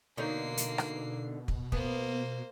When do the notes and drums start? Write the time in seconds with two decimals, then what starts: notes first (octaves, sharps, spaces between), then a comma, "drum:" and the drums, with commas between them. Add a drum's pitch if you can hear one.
0.17 B2 D3 A#3 D#4 C#5 C7
0.57 drum: hi-hat
0.78 drum: rim click
1.48 drum: kick
1.72 A#3 B3 C5, drum: kick